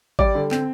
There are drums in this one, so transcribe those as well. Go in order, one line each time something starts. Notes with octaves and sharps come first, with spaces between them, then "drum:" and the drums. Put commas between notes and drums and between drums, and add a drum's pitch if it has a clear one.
G3 D5, drum: kick G#1
D3
C4, drum: clap